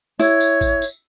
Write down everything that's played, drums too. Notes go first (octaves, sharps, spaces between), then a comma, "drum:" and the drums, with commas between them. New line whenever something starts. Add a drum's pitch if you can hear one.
E4 C#5, drum: tambourine
drum: tambourine
drum: kick, tambourine
drum: tambourine